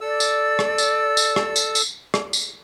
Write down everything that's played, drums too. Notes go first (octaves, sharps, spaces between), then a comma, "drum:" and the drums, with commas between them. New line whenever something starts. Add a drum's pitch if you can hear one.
A4 D5 E6
drum: tambourine
drum: rim click
drum: tambourine
drum: tambourine
drum: rim click
drum: tambourine
drum: tambourine
drum: rim click
drum: tambourine